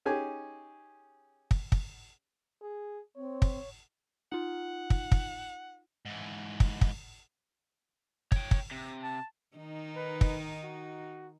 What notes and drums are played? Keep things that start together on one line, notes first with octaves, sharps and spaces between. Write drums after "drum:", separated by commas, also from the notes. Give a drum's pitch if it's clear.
C#4 D#4 G4 G#4 G#5
drum: kick
drum: kick
G#4
C4 C#5
drum: kick
D#4 F4 F#5
drum: kick
drum: kick
G#2 E3
drum: kick
drum: kick
C#5 G5, drum: kick
drum: kick
C3
A5
D#3 D#4
B4
drum: kick
F#4